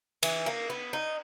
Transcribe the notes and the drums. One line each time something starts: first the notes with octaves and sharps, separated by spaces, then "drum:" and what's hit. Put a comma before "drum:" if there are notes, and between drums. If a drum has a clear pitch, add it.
E3, drum: cymbal
A#3
B3
D#4